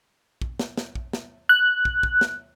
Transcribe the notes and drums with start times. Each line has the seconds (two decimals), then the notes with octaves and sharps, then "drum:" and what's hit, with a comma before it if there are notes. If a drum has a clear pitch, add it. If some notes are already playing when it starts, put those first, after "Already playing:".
0.42 drum: kick
0.59 drum: snare
0.77 drum: snare
0.95 drum: kick
1.13 drum: snare
1.49 F#6
1.85 drum: kick
2.03 drum: kick
2.21 drum: snare